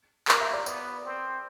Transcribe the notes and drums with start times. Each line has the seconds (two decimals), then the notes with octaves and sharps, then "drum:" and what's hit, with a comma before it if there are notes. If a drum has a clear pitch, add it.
0.28 A#3 A#4, drum: clap
0.40 E5
0.54 D5
0.66 B3 D5, drum: tambourine
1.05 C4